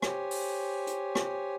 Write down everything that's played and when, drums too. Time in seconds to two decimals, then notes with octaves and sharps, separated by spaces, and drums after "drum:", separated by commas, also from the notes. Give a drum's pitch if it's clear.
0.02 G4 C5 C#5 G#5, drum: rim click
0.31 drum: open hi-hat
0.87 drum: hi-hat
1.15 drum: rim click